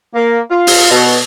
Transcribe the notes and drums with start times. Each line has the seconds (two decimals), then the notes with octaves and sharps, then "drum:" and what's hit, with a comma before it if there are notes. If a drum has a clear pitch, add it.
0.14 A#3
0.51 F4
0.67 drum: open hi-hat
0.90 B2